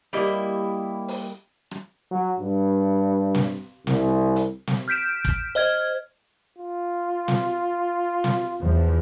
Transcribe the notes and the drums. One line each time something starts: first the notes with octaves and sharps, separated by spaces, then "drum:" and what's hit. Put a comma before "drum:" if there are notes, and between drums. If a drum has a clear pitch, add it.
G3 A#3 E4 D#5
drum: open hi-hat
drum: rim click
F#3
G2
drum: snare
C2, drum: snare
drum: hi-hat
drum: snare
F6 G6 B6 D7 E7
drum: kick
C5 D#5 F6 G#6
F4
drum: snare
drum: snare
E2 F3